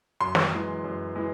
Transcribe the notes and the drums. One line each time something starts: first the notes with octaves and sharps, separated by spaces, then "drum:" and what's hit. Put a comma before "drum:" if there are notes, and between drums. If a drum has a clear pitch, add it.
F#2 C6
drum: snare
E3 G#3
F#2
E3 G#3